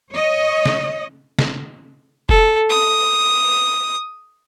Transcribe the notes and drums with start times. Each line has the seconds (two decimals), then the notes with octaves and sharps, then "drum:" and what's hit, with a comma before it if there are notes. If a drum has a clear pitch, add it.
0.12 C#5 D#5
0.66 drum: snare
1.39 drum: snare
2.29 A4, drum: kick F1
2.70 D#6